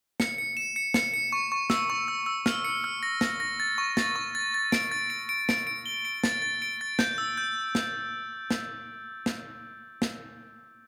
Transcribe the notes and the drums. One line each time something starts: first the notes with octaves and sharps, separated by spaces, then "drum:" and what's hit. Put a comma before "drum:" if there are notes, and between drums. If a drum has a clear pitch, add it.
C#7, drum: snare
C#7
E7
C#7
C#7, drum: snare
C#7
C#6
C#6
E6, drum: snare
C#6
E6
E6
F6, drum: snare
C#7
F6
A#6
A#6, drum: snare
A#6
A6
C#6
A6, drum: snare
C#6
A6
A6
D7, drum: snare
A6
D7
D7
D7, drum: snare
D7
G7
D7
A6, drum: snare
A6
D7
A6
G6, drum: snare
E6
G6
drum: snare
drum: snare
drum: snare
drum: snare